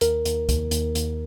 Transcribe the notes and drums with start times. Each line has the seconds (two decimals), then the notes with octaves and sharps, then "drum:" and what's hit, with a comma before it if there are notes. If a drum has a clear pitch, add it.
0.01 D#2 A#4, drum: hi-hat
0.25 D#2, drum: hi-hat
0.49 D#2, drum: kick, hi-hat
0.71 D#2, drum: hi-hat
0.95 D#2, drum: hi-hat